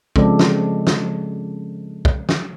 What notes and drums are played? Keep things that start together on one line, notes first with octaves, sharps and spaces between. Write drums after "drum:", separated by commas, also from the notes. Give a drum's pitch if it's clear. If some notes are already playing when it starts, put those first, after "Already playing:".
C#3 F3 G#3 C4 A4 D5, drum: kick
drum: snare
drum: snare
drum: kick
drum: snare